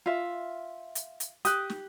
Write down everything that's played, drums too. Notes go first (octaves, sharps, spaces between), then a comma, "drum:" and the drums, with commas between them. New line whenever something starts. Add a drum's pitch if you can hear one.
F4 E5
drum: hi-hat
drum: hi-hat
G4 D#6 F#6, drum: hi-hat
drum: snare